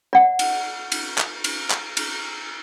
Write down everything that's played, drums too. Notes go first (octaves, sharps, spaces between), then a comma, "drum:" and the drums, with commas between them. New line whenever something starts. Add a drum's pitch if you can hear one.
D5 F#5
drum: cymbal
drum: cymbal
drum: clap
drum: cymbal
drum: clap
drum: cymbal